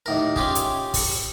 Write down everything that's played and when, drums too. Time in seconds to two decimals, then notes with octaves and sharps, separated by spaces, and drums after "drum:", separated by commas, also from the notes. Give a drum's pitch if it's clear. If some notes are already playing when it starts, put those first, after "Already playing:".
0.06 D#2 A2 A#4
0.36 C#4 F4 G4 G#4, drum: kick
0.55 drum: hi-hat
0.94 drum: kick, open hi-hat